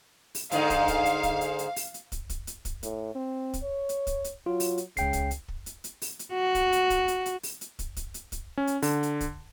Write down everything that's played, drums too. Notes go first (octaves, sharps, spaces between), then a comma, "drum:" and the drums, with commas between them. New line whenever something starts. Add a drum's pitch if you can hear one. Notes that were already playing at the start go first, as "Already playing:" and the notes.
drum: open hi-hat
G#2 D3 D#4 F5, drum: hi-hat
drum: kick, hi-hat
drum: kick, hi-hat
drum: hi-hat
drum: kick, hi-hat
drum: hi-hat
drum: hi-hat
drum: open hi-hat
drum: hi-hat
drum: kick, hi-hat
drum: kick, hi-hat
drum: hi-hat
drum: kick, hi-hat
A2, drum: hi-hat
C4
drum: kick, hi-hat
C#5
drum: hi-hat
drum: kick, hi-hat
drum: hi-hat
F#3 F4
drum: open hi-hat
drum: hi-hat
C#2 C#3 G5 C7, drum: kick, hi-hat
drum: kick, hi-hat
drum: hi-hat
drum: kick
drum: hi-hat
drum: hi-hat
drum: open hi-hat
drum: hi-hat
F#4
drum: kick, hi-hat
drum: hi-hat
drum: kick, hi-hat
drum: hi-hat
drum: hi-hat
drum: open hi-hat
drum: hi-hat
drum: kick, hi-hat
drum: kick, hi-hat
drum: hi-hat
drum: kick, hi-hat
C#4
drum: hi-hat
D3, drum: open hi-hat
drum: hi-hat
drum: kick, hi-hat